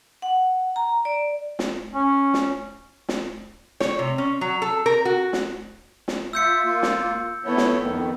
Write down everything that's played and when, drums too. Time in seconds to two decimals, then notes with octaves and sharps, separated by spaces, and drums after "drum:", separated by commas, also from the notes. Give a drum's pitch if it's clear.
0.22 F#5
0.76 A#5
1.05 D5
1.59 drum: snare
1.94 C#4
2.34 drum: snare
3.09 drum: snare
3.80 C#5, drum: snare
3.99 C3
4.18 C#4
4.41 F#3
4.62 A4
4.86 A#4
5.05 F#4
5.33 drum: snare
6.08 drum: snare
6.33 F4 E5 E6 G6 C#7
6.64 A#3 F4
6.83 drum: snare
7.45 E3 B3 E4 A4 C#5
7.57 drum: snare
7.80 F2 D#3 B3